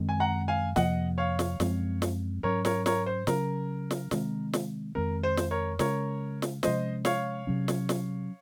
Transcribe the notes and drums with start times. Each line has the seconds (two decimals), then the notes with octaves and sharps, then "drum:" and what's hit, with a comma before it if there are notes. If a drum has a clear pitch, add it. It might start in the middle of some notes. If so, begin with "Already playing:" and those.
Already playing: F#2 D#3 G#3 C4
0.09 G#5
0.20 F#5 A#5
0.48 F5 G#5
0.76 F2 C3 F3 A#3 D#5 F#5, drum: snare
1.18 C#5 F5
1.39 drum: snare
1.60 F#2 F3 G#3 C4, drum: snare
2.02 drum: snare
2.43 G#2 F#3 C#4 A#4 C#5
2.65 A#4 C#5, drum: snare
2.86 A#4 C#5, drum: snare
3.06 C5
3.27 C#3 F#3 C#4 A#4, drum: snare
3.91 drum: snare
4.11 C3 D#3 G#3 C4, drum: snare
4.53 drum: snare
4.95 F2 D#3 G#3 C4 A#4
5.23 C5
5.37 drum: snare
5.51 A#4 C#5
5.79 C#3 G#3 C#4 A#4 C#5, drum: snare
6.42 drum: snare
6.63 C3 F3 G#3 C#4 C5 D#5, drum: snare
7.05 C#5 F5, drum: snare
7.47 C3 F#3 C#4
7.68 drum: snare
7.89 drum: snare